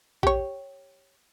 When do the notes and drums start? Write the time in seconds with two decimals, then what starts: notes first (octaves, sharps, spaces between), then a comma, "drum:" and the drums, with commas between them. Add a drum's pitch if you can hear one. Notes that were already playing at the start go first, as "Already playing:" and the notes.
0.23 G4 C#5, drum: kick